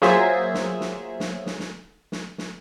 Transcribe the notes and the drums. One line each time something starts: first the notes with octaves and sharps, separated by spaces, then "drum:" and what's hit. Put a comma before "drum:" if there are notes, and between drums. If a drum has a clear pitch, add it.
F#3 A#3 F4 G#4 C5 E5, drum: snare
drum: snare
drum: snare
drum: snare
drum: snare
drum: snare
drum: snare
drum: snare